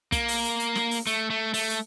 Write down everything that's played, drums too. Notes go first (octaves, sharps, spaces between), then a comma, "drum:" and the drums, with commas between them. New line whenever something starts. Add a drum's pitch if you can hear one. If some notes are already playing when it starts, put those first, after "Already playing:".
A#3, drum: kick, hi-hat
drum: open hi-hat
drum: hi-hat
drum: hi-hat
drum: snare
drum: open hi-hat
A3, drum: hi-hat
A3
A3, drum: open hi-hat
drum: hi-hat